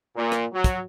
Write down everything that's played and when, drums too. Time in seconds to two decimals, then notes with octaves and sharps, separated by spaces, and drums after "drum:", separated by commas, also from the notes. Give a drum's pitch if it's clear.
0.16 A#2
0.32 drum: rim click
0.53 F#3
0.64 drum: kick, hi-hat